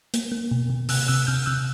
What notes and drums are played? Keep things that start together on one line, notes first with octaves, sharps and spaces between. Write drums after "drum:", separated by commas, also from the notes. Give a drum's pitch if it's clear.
A#3, drum: hi-hat
A#3
B2
B2
C3 E6 F#6, drum: open hi-hat
C3 E6 F#6
C3 F6 G6
C3 E6 F#6